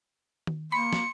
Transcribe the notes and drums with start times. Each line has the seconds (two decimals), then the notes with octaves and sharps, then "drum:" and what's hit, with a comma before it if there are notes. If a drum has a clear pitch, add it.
0.47 drum: tom D#3
0.72 A#3 B5 C6 C#7
0.93 drum: snare